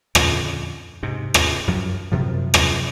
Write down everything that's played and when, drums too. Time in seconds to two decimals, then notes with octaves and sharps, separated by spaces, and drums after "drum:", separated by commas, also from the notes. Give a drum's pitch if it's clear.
0.15 F2 A#2 D3, drum: rim click
1.03 G#2 C3
1.34 drum: rim click
1.67 F#2 F3 F#3
2.12 F#2 C3 F3
2.54 drum: rim click